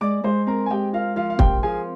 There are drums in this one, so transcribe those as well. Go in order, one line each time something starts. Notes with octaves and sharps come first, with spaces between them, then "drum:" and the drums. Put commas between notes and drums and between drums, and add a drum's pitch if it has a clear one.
G#3 D5 D6
G#3 C5 C6
C4 A#4 A#5
G#5
G#3 G4 G5
F4 A#4 F5
F3 F4 F5
F5
C4 G4 G5, drum: kick
F3 G#4 G#5